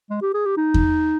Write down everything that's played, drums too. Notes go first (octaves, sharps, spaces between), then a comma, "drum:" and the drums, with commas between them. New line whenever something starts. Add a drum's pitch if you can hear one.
G#3
G4
G#4
G4
D#4
drum: kick E2